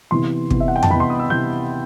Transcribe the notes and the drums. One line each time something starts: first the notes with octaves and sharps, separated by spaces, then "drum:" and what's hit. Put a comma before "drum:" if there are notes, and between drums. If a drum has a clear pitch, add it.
C3 E3 B3 C6
C3 E3 B3, drum: kick
E5
F#5
G5
A5, drum: tom F2
C3 E3 B3 B5
C6
D#6
E6
C3 E3 G6